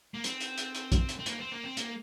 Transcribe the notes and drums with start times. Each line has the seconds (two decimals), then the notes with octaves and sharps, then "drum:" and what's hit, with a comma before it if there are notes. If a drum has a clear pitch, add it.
0.14 A#3
0.24 C4, drum: hi-hat
0.41 drum: hi-hat
0.58 drum: hi-hat
0.75 drum: hi-hat
0.92 drum: kick, hi-hat
1.09 drum: hi-hat
1.19 C4
1.26 A#3, drum: hi-hat
1.39 C4
1.52 A#3
1.64 C4
1.77 A#3, drum: hi-hat